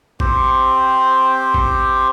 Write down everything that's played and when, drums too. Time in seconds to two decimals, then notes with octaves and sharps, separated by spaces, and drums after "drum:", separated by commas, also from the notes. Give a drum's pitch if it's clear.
0.20 C4 G4 C5, drum: kick
1.54 drum: kick